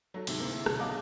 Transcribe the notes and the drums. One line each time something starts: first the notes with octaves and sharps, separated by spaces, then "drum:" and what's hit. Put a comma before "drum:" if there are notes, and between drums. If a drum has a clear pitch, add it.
F#3 A3
D2 G#2 C3, drum: cymbal
A#3 C4 E4
D3 F3, drum: rim click
B1 D#5 F5 A5 D6